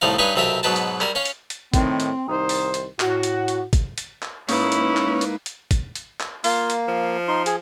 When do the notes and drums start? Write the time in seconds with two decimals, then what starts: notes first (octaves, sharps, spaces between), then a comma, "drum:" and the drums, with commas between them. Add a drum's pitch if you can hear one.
0.01 C2 A2 F3 D#4 D5 F5
0.18 G2 D#4 B4 C#5 G#5 C#6
0.36 B1 C3 C4 F4 A#4 E5
0.63 G#2 B2 F#3 B4 G5 A5
0.76 drum: hi-hat
1.01 G3 A#4, drum: clap
1.15 C#4 C#5 F5
1.25 drum: hi-hat
1.50 drum: hi-hat
1.74 A2 D#3 C4, drum: kick, hi-hat
2.00 drum: hi-hat
2.28 C2 D#3 D#4 C5
2.49 drum: open hi-hat
2.74 drum: hi-hat
3.00 A2 F#4, drum: clap
3.23 drum: hi-hat
3.48 drum: hi-hat
3.73 drum: kick, hi-hat
3.98 drum: hi-hat
4.22 drum: clap
4.49 G#2 A#3 C#4 D#4 E4 B4, drum: open hi-hat
4.72 drum: hi-hat
4.97 drum: clap
5.21 drum: hi-hat
5.46 drum: hi-hat
5.71 drum: kick, hi-hat
5.95 drum: hi-hat
6.20 drum: clap
6.44 A#3 F4, drum: open hi-hat
6.70 drum: hi-hat
6.88 F3
7.28 D#4 C6
7.46 G#4, drum: hi-hat